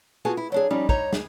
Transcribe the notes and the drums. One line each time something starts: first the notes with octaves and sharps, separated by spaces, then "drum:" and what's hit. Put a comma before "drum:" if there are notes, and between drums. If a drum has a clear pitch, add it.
B3 F4 F#4 G#4 G#5 A5
E4
F#3 D4 G#4
F3 G3 C#4 D#4
D#4 C#5 A#5, drum: kick
G#4, drum: snare